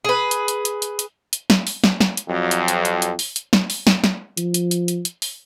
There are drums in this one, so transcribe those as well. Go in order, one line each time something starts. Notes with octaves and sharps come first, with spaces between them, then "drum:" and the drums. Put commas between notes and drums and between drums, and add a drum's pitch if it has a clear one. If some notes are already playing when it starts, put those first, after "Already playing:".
G#4 B4
drum: hi-hat
drum: hi-hat
drum: hi-hat
drum: hi-hat
drum: hi-hat
drum: hi-hat
drum: snare
drum: open hi-hat
drum: snare
drum: snare
drum: hi-hat
F2 F#3
drum: hi-hat
drum: hi-hat
drum: hi-hat
drum: hi-hat
drum: open hi-hat
drum: hi-hat
drum: snare
drum: open hi-hat
drum: snare
drum: snare
F3, drum: hi-hat
drum: hi-hat
drum: hi-hat
drum: hi-hat
drum: hi-hat
drum: open hi-hat